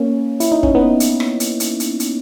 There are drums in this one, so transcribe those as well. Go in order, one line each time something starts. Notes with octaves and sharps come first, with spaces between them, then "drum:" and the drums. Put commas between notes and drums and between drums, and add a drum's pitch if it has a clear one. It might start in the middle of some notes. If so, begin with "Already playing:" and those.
Already playing: A#3 C#4
E4, drum: hi-hat
D#4
C#4, drum: kick
B3 D#4
drum: hi-hat
drum: rim click
drum: hi-hat
drum: hi-hat
drum: hi-hat
drum: hi-hat